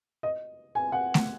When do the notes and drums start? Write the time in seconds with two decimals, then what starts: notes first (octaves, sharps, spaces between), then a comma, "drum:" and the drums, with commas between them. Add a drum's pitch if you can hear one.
0.23 D#5
0.75 G#5
0.92 F#5
1.14 drum: snare A3